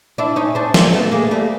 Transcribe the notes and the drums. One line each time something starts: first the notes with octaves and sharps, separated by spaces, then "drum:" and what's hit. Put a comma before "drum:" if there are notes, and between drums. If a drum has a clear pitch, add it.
D4 E4
C#4 D#4
C4 D4
A#3 C4, drum: snare
A3 B3
G#3 A#3
G3 A3